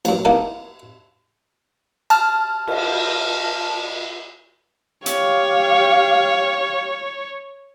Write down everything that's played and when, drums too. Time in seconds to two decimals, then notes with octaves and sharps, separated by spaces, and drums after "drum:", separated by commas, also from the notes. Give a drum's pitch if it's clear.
0.05 A1 F#2, drum: cymbal
0.25 G3 A#3 B3 D#4 E4 A4
2.10 A5 F6, drum: cymbal
2.67 drum: cymbal
5.06 G4 C#5 F5, drum: hi-hat